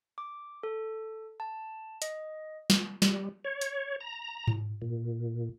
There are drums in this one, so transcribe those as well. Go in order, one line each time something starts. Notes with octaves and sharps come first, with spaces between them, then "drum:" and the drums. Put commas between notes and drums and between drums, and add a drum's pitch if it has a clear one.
D6
A4
A5
D#5, drum: hi-hat
drum: snare
G3, drum: snare
C#5
drum: hi-hat
A#5
drum: tom G#2
A#2